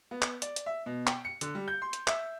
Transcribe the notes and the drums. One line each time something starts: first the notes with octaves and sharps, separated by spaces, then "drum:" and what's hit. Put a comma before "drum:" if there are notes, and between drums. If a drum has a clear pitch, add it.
B3
drum: clap
D5, drum: hi-hat
drum: hi-hat
E5
B2
G5, drum: clap
C#7
D3, drum: hi-hat
G3
G6
C6
drum: hi-hat
E5, drum: clap